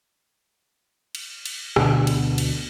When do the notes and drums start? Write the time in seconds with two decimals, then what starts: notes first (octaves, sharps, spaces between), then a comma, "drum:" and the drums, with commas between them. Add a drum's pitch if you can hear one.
1.15 drum: cymbal
1.45 drum: cymbal
1.76 D2 B2 D3, drum: rim click
2.07 drum: cymbal
2.38 drum: cymbal